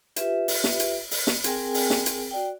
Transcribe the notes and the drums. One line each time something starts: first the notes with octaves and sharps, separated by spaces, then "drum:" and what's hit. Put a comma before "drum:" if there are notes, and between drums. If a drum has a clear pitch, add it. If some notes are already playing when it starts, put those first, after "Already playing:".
F4 G4 B4 E5, drum: hi-hat
drum: open hi-hat
drum: snare
drum: hi-hat
drum: open hi-hat
drum: snare
C4 G#4 A#4 G5 G#5, drum: hi-hat
drum: open hi-hat
drum: snare
drum: hi-hat
F#4 D5 G5